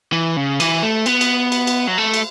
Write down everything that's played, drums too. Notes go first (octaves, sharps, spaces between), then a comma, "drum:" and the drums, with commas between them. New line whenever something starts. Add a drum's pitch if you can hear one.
E3
C#3
E3, drum: cymbal
A3
B3, drum: cymbal
drum: cymbal
drum: cymbal
drum: cymbal
F#3
A3
drum: cymbal